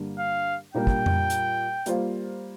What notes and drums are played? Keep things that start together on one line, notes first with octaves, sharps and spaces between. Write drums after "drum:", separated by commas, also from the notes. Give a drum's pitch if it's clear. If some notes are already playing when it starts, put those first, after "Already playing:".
Already playing: G2 D3 G3 A#3
F5
A#2 G3 A#3 D4 A#4 G5
drum: kick
drum: tom F2
drum: hi-hat
G3 A#3 F4 C5, drum: hi-hat